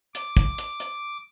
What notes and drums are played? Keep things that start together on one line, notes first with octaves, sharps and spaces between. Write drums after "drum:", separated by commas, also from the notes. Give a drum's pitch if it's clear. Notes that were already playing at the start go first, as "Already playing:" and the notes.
D6, drum: hi-hat
drum: kick, hi-hat
drum: hi-hat
drum: hi-hat